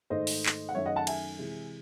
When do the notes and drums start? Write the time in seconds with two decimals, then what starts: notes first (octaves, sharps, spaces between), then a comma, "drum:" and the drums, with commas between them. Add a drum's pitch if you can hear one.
0.10 G#2 D#3 A3 C5 D#5
0.27 drum: open hi-hat
0.46 drum: clap
0.69 F#5
0.75 F#2 D#3 A3 C#5 E5
0.86 D#5 F#5
0.96 F#5 A5
1.07 E5 G#5, drum: cymbal
1.39 C3 E3 G#3